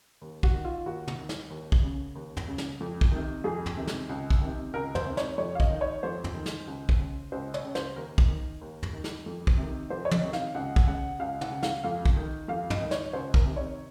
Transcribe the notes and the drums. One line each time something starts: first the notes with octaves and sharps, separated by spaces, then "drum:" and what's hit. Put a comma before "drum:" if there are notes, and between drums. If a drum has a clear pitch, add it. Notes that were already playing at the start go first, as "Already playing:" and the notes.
D#2
F#4, drum: kick
D#3
F4
D#2 F#4
drum: tom
D#3
drum: snare
D#2
drum: kick
C#3
D#2
drum: tom
C#3
drum: snare
F2
drum: kick
C3 D#3
F2 G#4
drum: tom
C3 D#3
drum: snare
C#2
drum: kick
C3 D#3
C#2 A#4
C5, drum: tom
C3 D#3
C#5, drum: snare
F2 C#5
F5
D#5, drum: kick
D#3
C#5
F2 C5
drum: tom
D#3
drum: snare
C#2
drum: kick
C#3
C#2 C5
C#5, drum: tom
C#3
C5, drum: snare
D#2 A#4
drum: kick
D#3
D#2
drum: tom
D#3
drum: snare
F2
drum: kick
C3 D#3
F2 C5
C#5
D#5, drum: tom
C3 D#3
F5, drum: snare
C#2 F#5
drum: kick
C#3 F#5
C#2 F5
F#5, drum: tom
C#3
F5, drum: snare
F2 F5
drum: kick
D#3
F2 F5
D#5, drum: tom
D#3
C#5, drum: snare
C#2 C5
A#4, drum: kick
C3 D#3
C#5